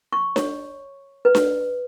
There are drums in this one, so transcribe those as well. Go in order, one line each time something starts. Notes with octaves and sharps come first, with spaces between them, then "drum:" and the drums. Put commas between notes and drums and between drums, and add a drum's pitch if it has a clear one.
C#6
C#5, drum: snare D4
B4
drum: snare D4